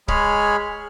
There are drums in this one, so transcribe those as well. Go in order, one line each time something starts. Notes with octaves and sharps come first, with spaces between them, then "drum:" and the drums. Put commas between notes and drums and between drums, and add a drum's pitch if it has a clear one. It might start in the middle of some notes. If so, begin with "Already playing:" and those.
G#3 G#4 C#5 B5 F6, drum: kick